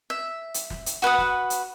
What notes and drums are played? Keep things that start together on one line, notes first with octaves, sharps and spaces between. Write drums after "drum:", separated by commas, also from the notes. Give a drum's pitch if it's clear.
E5
drum: hi-hat
drum: snare
drum: hi-hat
F#4 B4 F#5 D#6
drum: snare
drum: hi-hat